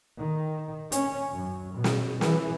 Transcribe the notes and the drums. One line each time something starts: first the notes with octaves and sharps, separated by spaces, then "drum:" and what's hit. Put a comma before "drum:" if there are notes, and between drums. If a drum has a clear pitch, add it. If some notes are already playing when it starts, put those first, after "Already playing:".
D#3
C#4, drum: hi-hat
F#2
B2
drum: snare
E3, drum: snare